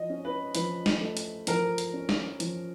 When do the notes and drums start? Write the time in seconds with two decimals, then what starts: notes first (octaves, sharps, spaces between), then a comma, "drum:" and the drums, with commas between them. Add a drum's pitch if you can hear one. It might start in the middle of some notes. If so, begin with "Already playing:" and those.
Already playing: F3 D#5
0.10 C#4
0.25 B4
0.55 F3 B4, drum: hi-hat
0.86 drum: snare
1.01 A3
1.17 drum: hi-hat
1.47 F3 A#4, drum: hi-hat
1.78 drum: hi-hat
1.93 C#4
2.09 drum: snare
2.40 F3, drum: hi-hat